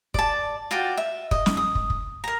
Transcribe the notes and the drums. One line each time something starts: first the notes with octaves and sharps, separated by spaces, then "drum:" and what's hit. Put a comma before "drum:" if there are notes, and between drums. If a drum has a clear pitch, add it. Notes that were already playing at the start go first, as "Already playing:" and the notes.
D5 A5, drum: kick
F4 F#4 D5 G5
E5
D#5, drum: kick
drum: snare
D#6
drum: kick
drum: kick
A#4 A#5